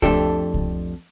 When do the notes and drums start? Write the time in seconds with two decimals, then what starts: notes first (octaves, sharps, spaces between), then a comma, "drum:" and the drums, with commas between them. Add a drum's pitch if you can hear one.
0.02 F2 A3 D4 G4 A4, drum: kick C2
0.54 drum: kick C2